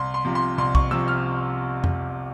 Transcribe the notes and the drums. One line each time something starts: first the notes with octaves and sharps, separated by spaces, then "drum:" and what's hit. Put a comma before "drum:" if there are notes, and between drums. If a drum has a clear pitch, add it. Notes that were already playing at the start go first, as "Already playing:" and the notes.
Already playing: C2 C6
C6
C3 F3
C6
C2 C6
C#6, drum: kick B1
C3 F3 E6
F6
drum: tom F2